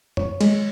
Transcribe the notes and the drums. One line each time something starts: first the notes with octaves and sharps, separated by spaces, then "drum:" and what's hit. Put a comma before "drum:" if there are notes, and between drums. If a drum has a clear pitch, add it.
C#5, drum: tom F#2
G#3, drum: cymbal